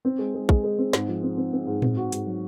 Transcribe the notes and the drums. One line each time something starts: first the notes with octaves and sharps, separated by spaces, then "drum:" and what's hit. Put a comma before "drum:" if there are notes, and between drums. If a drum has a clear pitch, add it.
C4
G#3
G#3
G#3, drum: kick
G#3
C4
G#2, drum: snare
F3
C4
C4
C4
G#2
C4, drum: tom A2
F#4
G#2, drum: hi-hat
F#3